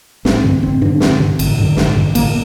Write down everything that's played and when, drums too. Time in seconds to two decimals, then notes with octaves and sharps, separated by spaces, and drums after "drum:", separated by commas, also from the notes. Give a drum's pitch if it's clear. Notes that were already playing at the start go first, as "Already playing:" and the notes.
0.25 A1 C4, drum: snare
0.44 G2 D3 C4
0.62 A1 C4
0.81 G2 D3 D4
1.00 A1 C4, drum: snare
1.20 G2 D3
1.39 A1, drum: cymbal
1.58 G2 D3
1.77 A1, drum: snare
1.97 G2 D3
2.15 A1 A#3, drum: cymbal